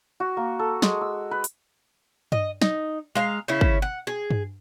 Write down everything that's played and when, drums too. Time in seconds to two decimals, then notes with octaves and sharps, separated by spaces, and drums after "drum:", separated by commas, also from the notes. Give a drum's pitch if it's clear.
0.20 F#4
0.37 A#3
0.59 A4
0.82 G#3, drum: snare
1.01 E6
1.31 B4
1.44 drum: hi-hat
2.32 D#5, drum: tom G2
2.62 D#4, drum: snare
3.15 G#3 F5 G#5 A#5
3.48 C#3 C#4 E4
3.61 drum: kick
3.82 F#5
4.07 G#4
4.31 drum: tom G2